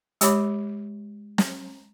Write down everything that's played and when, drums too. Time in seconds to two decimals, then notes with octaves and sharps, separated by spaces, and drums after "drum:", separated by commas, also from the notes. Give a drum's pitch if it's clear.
0.21 G#3 G4 C#5 B5 D6, drum: hi-hat
1.38 drum: snare